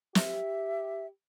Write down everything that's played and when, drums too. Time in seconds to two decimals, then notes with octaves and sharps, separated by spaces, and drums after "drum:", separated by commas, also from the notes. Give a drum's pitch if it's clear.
0.15 G4 E5, drum: snare